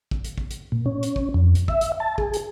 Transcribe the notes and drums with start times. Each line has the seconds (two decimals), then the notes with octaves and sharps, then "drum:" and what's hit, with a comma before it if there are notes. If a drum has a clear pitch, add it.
0.11 drum: kick
0.24 drum: hi-hat
0.38 drum: kick
0.51 drum: hi-hat
0.72 A#2
0.86 C#4
1.03 drum: hi-hat
1.16 drum: kick
1.34 F2
1.55 drum: hi-hat
1.68 E5, drum: kick
1.81 drum: hi-hat
2.00 A5
2.18 G#4, drum: kick
2.34 drum: hi-hat